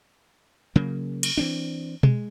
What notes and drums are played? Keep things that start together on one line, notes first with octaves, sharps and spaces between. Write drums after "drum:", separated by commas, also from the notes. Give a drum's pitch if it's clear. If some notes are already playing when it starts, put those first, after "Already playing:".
C#3 F#3 A#3
drum: cymbal
E3 C4 D4
G#3, drum: tom B2